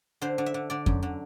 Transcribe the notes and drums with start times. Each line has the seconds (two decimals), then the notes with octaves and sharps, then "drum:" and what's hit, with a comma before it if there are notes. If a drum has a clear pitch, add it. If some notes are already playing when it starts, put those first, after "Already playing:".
0.22 D3 C5
0.38 D3
0.46 E5
0.54 D3
0.70 D3 D5
0.86 F#2, drum: kick F2
1.02 D3